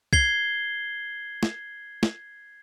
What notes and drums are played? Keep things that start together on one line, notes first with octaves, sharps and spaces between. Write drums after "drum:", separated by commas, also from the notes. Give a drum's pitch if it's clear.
G#6 C7 G7, drum: kick
drum: snare
drum: snare